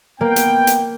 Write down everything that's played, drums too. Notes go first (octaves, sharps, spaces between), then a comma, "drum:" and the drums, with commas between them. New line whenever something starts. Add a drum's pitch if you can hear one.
A#3 B3 G5
drum: hi-hat
drum: hi-hat